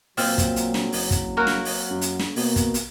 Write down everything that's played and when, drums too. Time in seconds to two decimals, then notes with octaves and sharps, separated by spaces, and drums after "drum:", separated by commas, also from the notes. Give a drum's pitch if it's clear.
0.17 A#2 F#3 C4 F4 E5, drum: open hi-hat
0.38 drum: kick, hi-hat
0.56 drum: hi-hat
0.74 drum: snare
0.92 F#1, drum: open hi-hat
1.11 drum: kick, hi-hat
1.37 A#3 F#4 A#4
1.47 drum: snare
1.65 drum: open hi-hat
1.91 F#2
2.01 drum: hi-hat
2.20 drum: snare
2.36 B2 A#3, drum: open hi-hat
2.56 drum: kick, hi-hat
2.74 drum: hi-hat